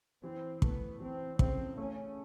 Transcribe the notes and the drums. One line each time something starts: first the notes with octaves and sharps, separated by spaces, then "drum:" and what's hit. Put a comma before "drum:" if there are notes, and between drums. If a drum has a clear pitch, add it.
E3 C4
A3 B3, drum: kick
E3 C4
C#3 C4, drum: kick
A3 C#4